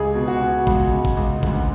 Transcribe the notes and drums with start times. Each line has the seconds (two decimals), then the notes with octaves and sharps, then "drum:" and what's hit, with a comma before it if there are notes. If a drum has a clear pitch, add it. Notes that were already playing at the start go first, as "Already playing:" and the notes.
Already playing: C#2 G#4
0.15 B2
0.28 F#4
0.40 B2
0.67 C#2, drum: kick G#1
0.92 C#2
1.05 drum: kick G#1
1.17 C#2
1.43 D2, drum: kick G#1